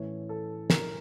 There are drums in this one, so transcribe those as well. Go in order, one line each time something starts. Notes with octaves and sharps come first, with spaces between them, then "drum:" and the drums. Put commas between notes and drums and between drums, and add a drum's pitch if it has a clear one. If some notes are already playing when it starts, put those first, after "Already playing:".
Already playing: A2 E3 A3 C#4 E4 C#5
A4
A#4, drum: snare